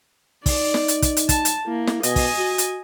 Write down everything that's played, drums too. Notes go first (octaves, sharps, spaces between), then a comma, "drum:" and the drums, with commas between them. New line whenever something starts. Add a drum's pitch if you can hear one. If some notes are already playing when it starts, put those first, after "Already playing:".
D#4 D5, drum: kick, open hi-hat
drum: snare
drum: hi-hat
drum: kick, hi-hat
drum: hi-hat
A5, drum: kick, hi-hat
drum: hi-hat
A#3 E4
drum: snare
B2 D#5 G#5, drum: hi-hat
drum: kick, open hi-hat
F#4
drum: hi-hat